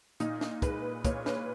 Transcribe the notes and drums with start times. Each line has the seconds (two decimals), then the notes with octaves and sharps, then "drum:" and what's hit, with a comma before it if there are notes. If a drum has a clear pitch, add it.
0.20 A#2 D#4, drum: hi-hat
0.41 drum: snare
0.62 G#3 B4, drum: kick, hi-hat
1.05 A#2 C#5, drum: kick, hi-hat
1.26 B4, drum: snare